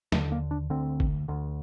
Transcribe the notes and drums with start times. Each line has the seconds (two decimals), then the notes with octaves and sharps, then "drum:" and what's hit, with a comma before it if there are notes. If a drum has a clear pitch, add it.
0.12 D#2 D3 A3, drum: snare
0.32 A#3
0.51 D4
0.70 D2 D3 C4
1.00 drum: kick
1.28 D2 D3